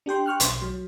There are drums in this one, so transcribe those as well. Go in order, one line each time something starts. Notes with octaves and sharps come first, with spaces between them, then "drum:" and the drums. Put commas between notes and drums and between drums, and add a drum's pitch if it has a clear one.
D4 G4 G5 C6
G5 C#6 F6 F#6
B1 C6, drum: hi-hat
F#3